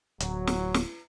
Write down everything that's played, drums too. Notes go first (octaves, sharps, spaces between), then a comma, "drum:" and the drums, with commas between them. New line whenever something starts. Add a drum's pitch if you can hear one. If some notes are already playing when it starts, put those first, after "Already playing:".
D1 F#3, drum: hi-hat
drum: snare
drum: snare